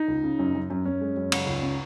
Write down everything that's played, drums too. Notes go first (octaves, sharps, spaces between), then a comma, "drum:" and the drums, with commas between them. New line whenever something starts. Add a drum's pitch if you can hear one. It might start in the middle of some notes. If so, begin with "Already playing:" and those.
Already playing: D#4
C#2
C#3
F#2
F#2
F#2
F#2 C#4
G#3
F#2
C#3, drum: cymbal
C#2
C#3